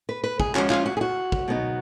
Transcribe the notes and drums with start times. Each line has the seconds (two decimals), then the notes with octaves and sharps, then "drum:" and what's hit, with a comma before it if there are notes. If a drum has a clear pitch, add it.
0.09 B4
0.24 B4
0.40 G#4, drum: kick
0.55 F3 G#3 C#4 F#4, drum: clap
0.70 F4, drum: clap
0.86 F#4
0.97 G#4
1.01 F#4
1.32 drum: kick
1.48 B2 F#3 B3 D#4